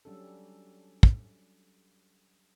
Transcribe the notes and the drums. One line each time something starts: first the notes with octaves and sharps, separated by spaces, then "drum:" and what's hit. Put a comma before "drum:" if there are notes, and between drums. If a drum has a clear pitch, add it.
F#3 G3 C#4 D4 A4
drum: kick